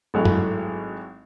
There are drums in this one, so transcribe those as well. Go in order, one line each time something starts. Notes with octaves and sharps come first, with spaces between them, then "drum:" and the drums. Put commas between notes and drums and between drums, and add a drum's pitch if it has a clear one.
G#1 F#3 G#3 A3 E4 G5
drum: tom